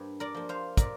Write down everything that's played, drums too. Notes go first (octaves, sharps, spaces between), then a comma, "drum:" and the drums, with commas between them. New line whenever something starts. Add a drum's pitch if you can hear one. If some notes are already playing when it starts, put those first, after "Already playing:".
Already playing: G2 A#3 C5
A#4 D5
F3 A#3
C5 F5
A#2 A#4 D5, drum: kick, hi-hat